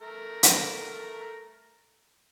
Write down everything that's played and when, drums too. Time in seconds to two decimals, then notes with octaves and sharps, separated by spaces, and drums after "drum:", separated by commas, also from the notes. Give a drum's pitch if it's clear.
0.01 A3 A#4
0.43 drum: hi-hat